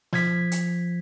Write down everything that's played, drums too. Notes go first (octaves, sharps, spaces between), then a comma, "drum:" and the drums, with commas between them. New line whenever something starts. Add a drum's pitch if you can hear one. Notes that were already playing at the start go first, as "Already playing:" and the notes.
F3 G#6 B6, drum: snare
drum: hi-hat